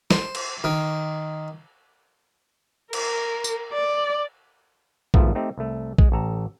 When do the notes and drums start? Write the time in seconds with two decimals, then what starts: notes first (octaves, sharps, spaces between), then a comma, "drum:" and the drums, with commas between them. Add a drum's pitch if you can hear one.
0.11 C5, drum: snare
0.35 drum: cymbal
0.64 D#3
2.93 A#4, drum: cymbal
3.44 drum: tambourine
3.73 D5
5.14 G#1 G#2 F3 A3 B3, drum: kick A#1
5.35 A3 C4 D#4 G4
5.58 C2 A3
5.98 G#3, drum: kick A#1
6.12 A1 A4 A#5